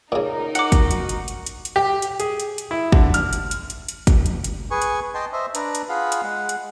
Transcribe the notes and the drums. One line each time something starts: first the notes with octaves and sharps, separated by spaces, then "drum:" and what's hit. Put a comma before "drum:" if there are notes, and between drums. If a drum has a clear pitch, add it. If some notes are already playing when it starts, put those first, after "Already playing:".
A#2 C#3 D#4 A#4
F#4 D6 C#7, drum: hi-hat
drum: kick, hi-hat
drum: hi-hat
drum: hi-hat
drum: hi-hat
drum: hi-hat
drum: hi-hat
G4
drum: hi-hat
G#4, drum: hi-hat
drum: hi-hat
drum: hi-hat
E4
D3, drum: kick
F6, drum: hi-hat
drum: hi-hat
drum: hi-hat
drum: hi-hat
drum: hi-hat
drum: kick, hi-hat
drum: hi-hat
drum: hi-hat
G#4 B4 G#5 C#6
drum: hi-hat
D#5 G5 A5 C6
C5 D#5 E5
D4 B4 A#5, drum: hi-hat
drum: hi-hat
F4 G#4 F5 F#5 B5
drum: hi-hat
G#3 F#5
drum: hi-hat